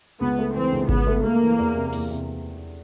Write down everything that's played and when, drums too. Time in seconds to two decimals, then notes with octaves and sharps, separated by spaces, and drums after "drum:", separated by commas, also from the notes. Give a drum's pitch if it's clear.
0.20 C#2 B3
0.39 A3
0.55 E3 C4
0.72 C#2
0.89 C#3 B3, drum: kick G#1
1.07 A3
1.23 A3 A#3
1.41 E3
1.58 E2
1.75 C3
1.93 E2, drum: open hi-hat
2.10 C3